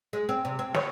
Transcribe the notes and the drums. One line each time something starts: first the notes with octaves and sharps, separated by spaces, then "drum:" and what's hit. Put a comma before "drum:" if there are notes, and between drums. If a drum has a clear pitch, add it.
G#3
C4
C3
C4
C#5, drum: snare